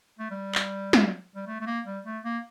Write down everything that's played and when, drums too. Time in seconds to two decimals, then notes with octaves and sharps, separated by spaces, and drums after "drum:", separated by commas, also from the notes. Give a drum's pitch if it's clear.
0.19 A3
0.31 G3
0.55 drum: clap
0.93 drum: snare
1.35 G3
1.47 A3
1.61 A3
1.66 A#3
1.86 G3
2.05 A3
2.24 A#3